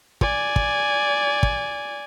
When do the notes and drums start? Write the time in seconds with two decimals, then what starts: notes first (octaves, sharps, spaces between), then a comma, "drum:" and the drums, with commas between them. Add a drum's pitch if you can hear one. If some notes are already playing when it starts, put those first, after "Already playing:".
0.21 D5 G#5, drum: kick
0.56 drum: kick
1.43 drum: kick